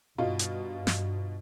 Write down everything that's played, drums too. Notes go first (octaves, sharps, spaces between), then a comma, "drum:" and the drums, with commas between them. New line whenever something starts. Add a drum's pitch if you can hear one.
G2 B2 D#4 F4
drum: hi-hat
drum: snare